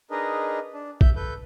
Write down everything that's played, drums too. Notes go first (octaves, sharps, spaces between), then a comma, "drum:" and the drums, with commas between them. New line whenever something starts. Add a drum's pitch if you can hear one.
D4 D#4 G#4 A#4 B4 D#5
D4
E5 G6, drum: kick A#1
A4 B4 G6